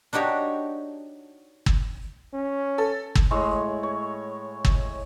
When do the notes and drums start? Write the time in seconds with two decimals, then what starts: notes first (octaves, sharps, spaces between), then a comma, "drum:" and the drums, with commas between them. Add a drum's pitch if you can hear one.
0.13 D4 D#4 F#4 G4 C#5
1.66 drum: kick
2.33 C#4
2.78 A4
3.15 drum: kick
3.31 A2 G#3 C#5
3.83 C#5
4.65 drum: kick